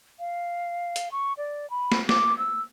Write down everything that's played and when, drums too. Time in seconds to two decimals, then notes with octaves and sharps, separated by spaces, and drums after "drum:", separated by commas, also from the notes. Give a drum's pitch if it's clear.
0.20 F5
0.96 drum: hi-hat
1.12 C#6
1.38 D5
1.70 B5
1.92 drum: snare
2.09 D6, drum: snare
2.38 E6